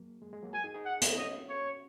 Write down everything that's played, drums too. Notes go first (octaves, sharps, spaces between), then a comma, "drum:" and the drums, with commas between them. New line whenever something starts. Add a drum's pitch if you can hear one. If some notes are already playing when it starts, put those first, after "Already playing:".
Already playing: F#3 A#3
G#3
G#3
F#3 A#3
F#4 A#4 G#5
D#4 G#4
D#4 G#4
F#5
D#4 G#4, drum: hi-hat
C#4 F#4 D#5
C#5